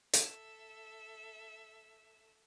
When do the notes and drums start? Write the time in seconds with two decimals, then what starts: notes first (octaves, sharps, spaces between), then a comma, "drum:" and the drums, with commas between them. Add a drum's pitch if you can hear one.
0.13 A4 E5, drum: hi-hat